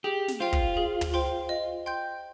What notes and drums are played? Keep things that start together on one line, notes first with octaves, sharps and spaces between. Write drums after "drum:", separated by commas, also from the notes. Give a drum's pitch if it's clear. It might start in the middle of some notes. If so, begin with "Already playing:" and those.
G4 G#4
drum: snare
F4 C5 G5 C6
drum: kick
G#4
drum: tom
C5 G5 C6
D#5
G5 C6 G6